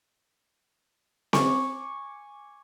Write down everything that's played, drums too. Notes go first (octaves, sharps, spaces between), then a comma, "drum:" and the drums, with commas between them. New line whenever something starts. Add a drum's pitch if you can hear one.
G#5 C#6 D6, drum: snare C4